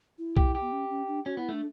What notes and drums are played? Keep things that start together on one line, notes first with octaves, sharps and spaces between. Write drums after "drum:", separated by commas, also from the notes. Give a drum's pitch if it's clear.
E4
G4, drum: kick B1
G4
B3
C#4
C#4
D4
C#4 F#4
B3 E4
A3 D4